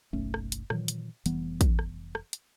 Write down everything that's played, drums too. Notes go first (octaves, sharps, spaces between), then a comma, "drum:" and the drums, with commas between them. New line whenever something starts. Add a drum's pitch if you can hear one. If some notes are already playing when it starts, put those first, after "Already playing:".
F#1 B1 A3 C#4
drum: rim click
drum: hi-hat
A#2 D#3 E3 F#3, drum: rim click
drum: hi-hat
F1 E3 G3 B3, drum: hi-hat
drum: kick, hi-hat
drum: rim click
drum: rim click
drum: hi-hat